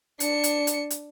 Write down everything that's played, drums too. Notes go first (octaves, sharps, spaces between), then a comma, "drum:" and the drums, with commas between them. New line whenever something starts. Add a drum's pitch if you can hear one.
D4 C#7, drum: hi-hat
drum: hi-hat
drum: hi-hat
drum: hi-hat